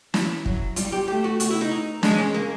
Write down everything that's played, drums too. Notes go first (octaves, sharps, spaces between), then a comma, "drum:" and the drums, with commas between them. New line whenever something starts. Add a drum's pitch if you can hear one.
E4, drum: snare
F#3, drum: kick
G3 F4, drum: hi-hat
G4
A3 G4
F#4
F#4, drum: hi-hat
E4
D#4
D#4
G#3 D4, drum: snare
C#4
A#3